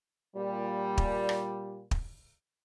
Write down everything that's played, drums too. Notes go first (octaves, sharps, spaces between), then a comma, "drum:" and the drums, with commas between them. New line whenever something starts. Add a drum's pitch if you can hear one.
A#2 G3
drum: kick
drum: rim click
drum: kick